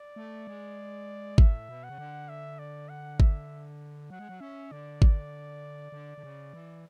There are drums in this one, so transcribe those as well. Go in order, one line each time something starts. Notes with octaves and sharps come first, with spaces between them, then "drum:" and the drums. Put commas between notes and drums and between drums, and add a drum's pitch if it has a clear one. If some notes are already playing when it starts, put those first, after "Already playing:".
Already playing: D5
A3
G#3
A2 E5, drum: kick G#1
B2
F#5
C#3
D3
E5
D5
F#5
E5, drum: kick G#1
F#3 F#5
G#3
F#3
C#4 E5
D3 D5
drum: kick G#1
D3
D3
C#3
E3